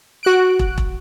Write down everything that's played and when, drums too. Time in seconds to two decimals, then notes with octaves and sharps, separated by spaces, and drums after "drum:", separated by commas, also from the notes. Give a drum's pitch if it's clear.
0.23 F#4 F#6 D7
0.59 drum: kick
0.78 drum: kick